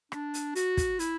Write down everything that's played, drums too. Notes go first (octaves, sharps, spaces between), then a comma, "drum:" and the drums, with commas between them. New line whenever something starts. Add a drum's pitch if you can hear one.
D4, drum: rim click
drum: hi-hat
F#4, drum: hi-hat
drum: kick, hi-hat
E4, drum: hi-hat